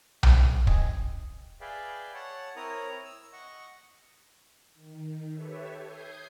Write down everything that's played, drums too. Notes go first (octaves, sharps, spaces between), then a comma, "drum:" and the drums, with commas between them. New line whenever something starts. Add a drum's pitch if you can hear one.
C#3 A3, drum: tom B1
F#2 C#3 E3 C4 D#5 G#5, drum: kick
G#4 B4 D5 E5 F5 G5
C#5 F#5 A5
C4 E4 A#4 C#5 A#5 D#6
E6
D#5 F#5 C#6
D#3
G4 A4 B4 C#5 E5
D#6 G6 G#6 C7